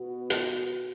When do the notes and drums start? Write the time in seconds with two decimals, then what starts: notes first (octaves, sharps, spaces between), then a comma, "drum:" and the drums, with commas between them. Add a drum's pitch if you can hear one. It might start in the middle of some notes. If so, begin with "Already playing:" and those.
Already playing: B2 B3 F#4
0.30 drum: hi-hat